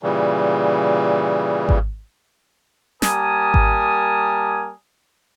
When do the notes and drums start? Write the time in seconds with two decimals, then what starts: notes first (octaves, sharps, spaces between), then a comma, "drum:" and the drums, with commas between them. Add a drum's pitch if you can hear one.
0.03 A#2 C#3 E3 G3
1.69 drum: kick G#1
3.02 G3 A#3 A#4 G#5 A5 D#6, drum: snare
3.54 drum: kick G#1